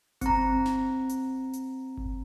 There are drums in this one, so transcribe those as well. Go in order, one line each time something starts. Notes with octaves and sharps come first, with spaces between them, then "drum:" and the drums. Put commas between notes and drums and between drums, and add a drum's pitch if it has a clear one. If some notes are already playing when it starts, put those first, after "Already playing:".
C4 A#5, drum: kick G1, hi-hat
drum: snare
drum: hi-hat
drum: hi-hat
drum: kick G1